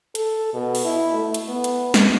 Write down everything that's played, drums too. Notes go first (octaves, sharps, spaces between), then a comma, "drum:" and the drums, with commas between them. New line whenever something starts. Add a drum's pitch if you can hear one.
A4, drum: hi-hat
B2
drum: open hi-hat
E4
A3
drum: hi-hat
B3
drum: hi-hat
drum: snare